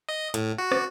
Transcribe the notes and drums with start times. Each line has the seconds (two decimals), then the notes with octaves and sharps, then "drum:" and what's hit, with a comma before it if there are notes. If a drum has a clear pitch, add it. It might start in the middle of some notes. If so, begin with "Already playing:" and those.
0.09 D#5
0.34 A2, drum: hi-hat
0.58 F#4
0.72 drum: rim click